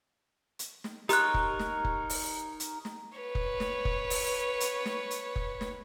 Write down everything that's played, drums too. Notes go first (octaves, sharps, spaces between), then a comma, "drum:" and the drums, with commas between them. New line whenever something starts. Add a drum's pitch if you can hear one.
drum: hi-hat
drum: snare
D#4 G4 A#4 C#5 F#6, drum: hi-hat
drum: kick F1
drum: snare
drum: kick F1
drum: open hi-hat
drum: hi-hat
drum: snare
B4 C#5
drum: kick F1
drum: snare
drum: kick F1
drum: open hi-hat
drum: hi-hat
drum: snare
drum: hi-hat
drum: kick F1
drum: snare